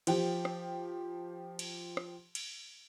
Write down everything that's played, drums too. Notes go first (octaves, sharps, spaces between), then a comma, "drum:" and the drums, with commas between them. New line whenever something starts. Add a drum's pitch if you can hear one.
F3 G4, drum: cymbal
drum: rim click
drum: cymbal
drum: rim click
drum: cymbal